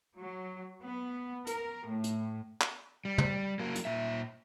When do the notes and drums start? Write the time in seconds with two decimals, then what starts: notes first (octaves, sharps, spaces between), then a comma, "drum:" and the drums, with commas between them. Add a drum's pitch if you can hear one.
0.18 F#3
0.83 B3
1.47 A#4, drum: hi-hat
1.87 A2
2.04 drum: hi-hat
2.61 drum: clap
3.05 G3
3.18 drum: tom
3.59 F#3 A#3
3.75 drum: hi-hat
3.85 A#2 E5